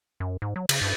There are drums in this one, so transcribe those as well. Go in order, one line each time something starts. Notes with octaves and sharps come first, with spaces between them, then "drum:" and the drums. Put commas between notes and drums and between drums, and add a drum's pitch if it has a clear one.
F#2
G#2
F#3
C#3, drum: cymbal
G2